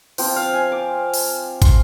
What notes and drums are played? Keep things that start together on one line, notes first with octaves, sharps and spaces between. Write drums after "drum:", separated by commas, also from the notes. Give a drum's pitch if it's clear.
F3 C4 F4 G5, drum: open hi-hat
F5
G#5
D6
drum: open hi-hat
C6, drum: kick, hi-hat